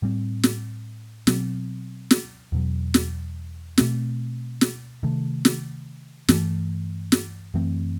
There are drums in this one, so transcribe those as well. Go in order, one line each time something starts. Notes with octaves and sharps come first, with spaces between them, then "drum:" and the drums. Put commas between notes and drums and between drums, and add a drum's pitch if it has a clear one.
A2 G3 C4
drum: snare
B2 F#3 C4, drum: snare
drum: snare
E2 B2 F#3
drum: snare
B2 A3 C4, drum: snare
drum: snare
C3 D#3 A3
drum: snare
G2 E3 A3, drum: snare
drum: snare
F#2 E3 A3 C4